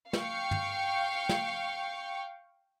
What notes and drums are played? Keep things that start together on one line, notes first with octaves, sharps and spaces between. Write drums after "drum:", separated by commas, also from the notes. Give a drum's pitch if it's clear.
F5 G5 C#6, drum: snare
drum: tom
drum: snare